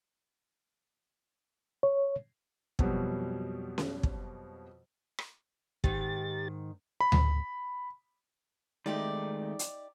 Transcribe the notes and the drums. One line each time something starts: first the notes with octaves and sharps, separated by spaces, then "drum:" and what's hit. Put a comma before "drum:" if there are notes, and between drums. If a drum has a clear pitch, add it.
C#5
F2 B2 F#3 G3, drum: kick
drum: snare C#4
drum: kick
drum: rim click
G#2 D#3 G4 A6, drum: kick
B5
drum: tom D2
D#3 G#3 A3 D#4 G4 D5
drum: hi-hat